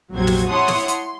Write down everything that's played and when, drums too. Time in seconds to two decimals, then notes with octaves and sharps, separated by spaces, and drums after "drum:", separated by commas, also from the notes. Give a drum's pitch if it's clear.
0.12 A#1 F2 C3 F#3 C5 G#6
0.27 drum: snare
0.49 E4 C#5 F#5 A5 C6 D#6
0.68 drum: snare
0.88 C6, drum: hi-hat